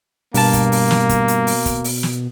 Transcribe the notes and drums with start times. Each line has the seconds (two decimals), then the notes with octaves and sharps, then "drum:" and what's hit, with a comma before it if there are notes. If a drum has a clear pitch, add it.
0.34 G2 B2 A#3 A5, drum: open hi-hat
0.53 drum: kick, hi-hat
0.72 drum: open hi-hat
0.91 drum: snare
1.09 drum: kick, hi-hat
1.28 drum: hi-hat
1.47 drum: open hi-hat
1.66 drum: kick, hi-hat
1.84 drum: open hi-hat
2.03 drum: snare